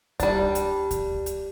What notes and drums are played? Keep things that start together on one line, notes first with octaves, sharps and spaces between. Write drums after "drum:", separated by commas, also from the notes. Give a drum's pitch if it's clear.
G3 D4, drum: kick D2, hi-hat
drum: hi-hat
drum: kick D2, hi-hat
drum: hi-hat